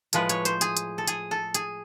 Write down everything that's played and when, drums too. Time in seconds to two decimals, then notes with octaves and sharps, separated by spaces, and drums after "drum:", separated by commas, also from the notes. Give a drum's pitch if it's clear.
0.13 A2 F3 G#3 B4, drum: hi-hat
0.29 C#5, drum: hi-hat
0.45 C5, drum: hi-hat
0.61 G#4, drum: hi-hat
0.77 drum: hi-hat
0.98 A4
1.08 G#4, drum: hi-hat
1.31 A4
1.54 G#4, drum: hi-hat